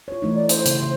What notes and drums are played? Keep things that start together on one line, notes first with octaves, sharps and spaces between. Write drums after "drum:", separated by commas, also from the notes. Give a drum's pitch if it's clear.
F4 C#5
E3 A3 D#4
D5
C5, drum: hi-hat
C#3, drum: hi-hat
C#3